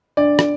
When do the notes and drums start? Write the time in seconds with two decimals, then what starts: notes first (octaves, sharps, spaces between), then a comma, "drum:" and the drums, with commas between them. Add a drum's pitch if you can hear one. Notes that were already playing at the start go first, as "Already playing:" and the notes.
0.17 D4 D5
0.39 drum: rim click